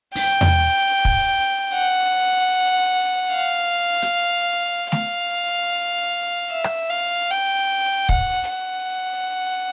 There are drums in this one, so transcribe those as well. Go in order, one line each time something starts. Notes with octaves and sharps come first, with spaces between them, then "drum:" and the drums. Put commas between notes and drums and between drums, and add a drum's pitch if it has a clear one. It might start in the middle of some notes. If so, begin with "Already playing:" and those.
G5, drum: open hi-hat
drum: tom E2
drum: kick
F#5
F5
drum: hi-hat
F5, drum: snare
E5
drum: rim click
F5
G5
F#5, drum: kick
F#5